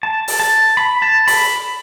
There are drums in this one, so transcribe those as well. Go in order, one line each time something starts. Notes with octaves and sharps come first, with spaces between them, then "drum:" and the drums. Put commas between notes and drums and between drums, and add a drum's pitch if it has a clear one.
A5
drum: open hi-hat
A5
B5
A5
B5, drum: open hi-hat